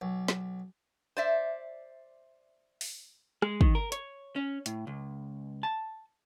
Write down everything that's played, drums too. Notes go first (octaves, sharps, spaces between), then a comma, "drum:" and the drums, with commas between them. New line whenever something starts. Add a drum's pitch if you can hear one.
B1
drum: snare
C5 D5 E5
drum: open hi-hat
G#3, drum: rim click
D#3, drum: kick
A#4
C#5, drum: hi-hat
C#4
A2, drum: hi-hat
C#2
A5